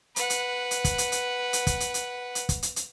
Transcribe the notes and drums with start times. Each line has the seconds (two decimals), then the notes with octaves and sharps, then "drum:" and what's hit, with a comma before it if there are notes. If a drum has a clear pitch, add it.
0.16 B4 F#5, drum: hi-hat
0.30 drum: hi-hat
0.71 drum: hi-hat
0.85 drum: kick, hi-hat
0.98 drum: hi-hat
1.12 drum: hi-hat
1.53 drum: hi-hat
1.67 drum: kick, hi-hat
1.80 drum: hi-hat
1.94 drum: hi-hat
2.35 drum: hi-hat
2.49 drum: kick, hi-hat
2.63 drum: hi-hat
2.76 drum: hi-hat